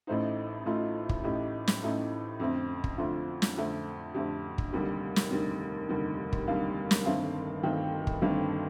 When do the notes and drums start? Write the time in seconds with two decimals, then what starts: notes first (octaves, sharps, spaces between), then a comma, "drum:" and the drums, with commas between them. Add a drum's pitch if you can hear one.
0.07 A1 A2 A3 D#4 C5
0.65 A1 A2 A3 D#4 F4
1.09 drum: kick
1.24 A1 A2 A3 D#4 G4
1.68 drum: snare
1.82 A1 A2 A3 D#4
2.40 F2 D3 A3 C4
2.84 drum: kick
2.98 F2 D3 A3 C4 F4
3.42 drum: snare
3.57 F2 D3 A3 C4
4.14 F2 D3 A3 C4 G4
4.58 drum: kick
4.73 F1 D#2 D3 G3 G4
5.16 drum: snare
5.31 F1 D#2 D3 G3
5.89 F1 D#2 D3 G3 G4
6.33 drum: kick
6.47 F1 D#2 D3 G3 F5
6.91 drum: snare
7.05 G1 G2 D#3 A3 C4 F5
7.63 G1 G2 D#3 A3 C4 G5
8.07 drum: kick
8.21 G1 G2 D#3 A3 C4 F5